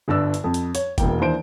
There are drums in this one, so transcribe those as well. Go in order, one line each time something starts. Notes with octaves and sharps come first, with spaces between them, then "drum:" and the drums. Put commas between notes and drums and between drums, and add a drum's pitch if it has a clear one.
G1 G2 D4 D5 E6
drum: hi-hat
F2
drum: hi-hat
C#5, drum: hi-hat
E1 E3 A#3 G5, drum: kick F#1, hi-hat
D#2 E3 D4 C5 D7